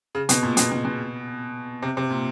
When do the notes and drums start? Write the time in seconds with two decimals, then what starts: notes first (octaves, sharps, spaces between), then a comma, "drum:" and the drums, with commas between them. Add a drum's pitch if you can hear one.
0.15 C#3
0.29 B2, drum: hi-hat
0.43 A#2
0.57 B2, drum: hi-hat
0.72 B2
0.85 B2
1.83 C3
1.97 C3
2.11 A#2